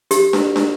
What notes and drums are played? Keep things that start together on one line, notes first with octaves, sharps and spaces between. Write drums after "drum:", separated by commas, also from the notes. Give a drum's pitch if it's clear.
G4, drum: hi-hat
drum: snare
drum: snare